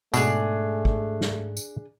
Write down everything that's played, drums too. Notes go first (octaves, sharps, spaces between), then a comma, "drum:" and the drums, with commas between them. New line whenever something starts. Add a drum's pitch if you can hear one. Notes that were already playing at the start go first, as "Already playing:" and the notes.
G#2 B2 A3 D4 G#4, drum: tambourine
drum: kick
drum: snare
drum: tambourine